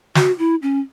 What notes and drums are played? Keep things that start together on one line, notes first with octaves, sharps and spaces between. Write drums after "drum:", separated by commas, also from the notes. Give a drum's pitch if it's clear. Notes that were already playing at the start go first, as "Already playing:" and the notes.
F#4, drum: snare
E4
C#4